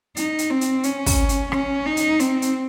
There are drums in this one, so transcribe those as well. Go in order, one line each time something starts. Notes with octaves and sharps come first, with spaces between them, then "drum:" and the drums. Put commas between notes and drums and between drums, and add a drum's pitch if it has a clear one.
D#4, drum: hi-hat
drum: hi-hat
C4
drum: hi-hat
C#4, drum: hi-hat
drum: kick, open hi-hat
drum: hi-hat
C#4, drum: rim click
D#4
drum: hi-hat
C4, drum: hi-hat
drum: hi-hat